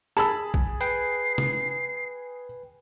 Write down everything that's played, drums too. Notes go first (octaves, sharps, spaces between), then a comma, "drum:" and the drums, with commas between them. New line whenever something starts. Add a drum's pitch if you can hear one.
G#4 A5 B5 E6
drum: kick
B4 G5 G#5 C7, drum: hi-hat
drum: tom